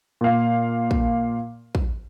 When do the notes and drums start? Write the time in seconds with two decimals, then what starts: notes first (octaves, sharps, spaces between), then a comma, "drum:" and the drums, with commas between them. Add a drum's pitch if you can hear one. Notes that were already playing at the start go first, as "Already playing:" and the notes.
0.21 A#2 F5
0.91 drum: kick
1.75 drum: kick